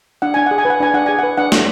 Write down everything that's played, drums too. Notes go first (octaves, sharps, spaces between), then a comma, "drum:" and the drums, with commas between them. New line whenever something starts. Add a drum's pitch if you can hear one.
D4 F#5
D4 G#5
G#4 F#5
G#5
B4
F#5
D4 G#5
D4 F#5
G#4 G#5
B4 F#5
D4 F#5
D4, drum: snare